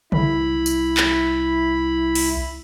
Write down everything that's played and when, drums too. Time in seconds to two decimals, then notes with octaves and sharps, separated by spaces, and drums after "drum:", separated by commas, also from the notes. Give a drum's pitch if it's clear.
0.12 C2 E4 B5, drum: tom C3
0.66 drum: tambourine
0.97 drum: clap
2.15 drum: open hi-hat